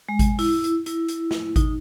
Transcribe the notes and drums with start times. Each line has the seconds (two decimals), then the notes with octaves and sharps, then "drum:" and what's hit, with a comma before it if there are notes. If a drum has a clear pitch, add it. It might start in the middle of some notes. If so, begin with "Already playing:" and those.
0.09 G#3
0.19 drum: kick G#1, hi-hat
0.39 E4, drum: open hi-hat
0.64 drum: hi-hat
0.86 E4, drum: hi-hat
1.08 drum: hi-hat
1.31 drum: snare
1.56 D#4, drum: kick G#1, hi-hat